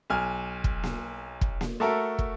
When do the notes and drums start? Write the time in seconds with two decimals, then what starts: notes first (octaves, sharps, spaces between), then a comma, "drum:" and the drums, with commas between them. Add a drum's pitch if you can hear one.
0.10 B1 G#5 F6
0.64 drum: kick
0.83 drum: snare A#3
1.41 drum: kick
1.61 drum: snare A#3
1.80 A3 F#4 A4 A#4 E5
2.19 drum: kick